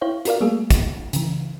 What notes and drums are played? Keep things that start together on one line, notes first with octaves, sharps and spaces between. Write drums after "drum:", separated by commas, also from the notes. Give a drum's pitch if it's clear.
E4 C5 C#5 F5 G5
F4 F#4 A#4 D5 F5, drum: hi-hat
G3 A3 A#3 G#4
drum: kick, hi-hat
C#3 E3, drum: hi-hat